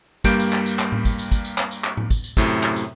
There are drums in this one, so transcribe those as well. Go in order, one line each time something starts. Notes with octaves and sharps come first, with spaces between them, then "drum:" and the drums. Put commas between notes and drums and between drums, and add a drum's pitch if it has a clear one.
G2 G3 A#3 G6 D7, drum: kick, tambourine
drum: tambourine
drum: clap
drum: tambourine
drum: clap
drum: tom A2
drum: kick, tambourine
drum: tambourine
drum: kick, tambourine
drum: tambourine
drum: clap
drum: tambourine
drum: clap
drum: tom A2
drum: kick, tambourine
drum: tambourine
F#2 A2 C3, drum: kick, tambourine
drum: clap
drum: tambourine